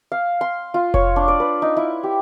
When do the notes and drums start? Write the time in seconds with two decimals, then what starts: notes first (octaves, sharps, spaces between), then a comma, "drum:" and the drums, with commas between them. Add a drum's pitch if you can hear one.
0.12 F5
0.41 C6
0.74 F4
0.94 C#5, drum: kick F1
1.16 D4
1.28 D5
1.40 B4
1.62 D#4
1.77 E4
2.03 G4